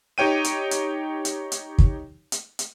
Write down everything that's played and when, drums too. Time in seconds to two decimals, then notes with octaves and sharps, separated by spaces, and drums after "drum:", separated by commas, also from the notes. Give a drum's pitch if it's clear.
0.18 D#4 G4 C#5 G5 D#7
0.44 drum: hi-hat
0.71 drum: hi-hat
1.25 drum: hi-hat
1.52 drum: hi-hat
1.78 drum: kick
2.32 drum: hi-hat
2.59 drum: hi-hat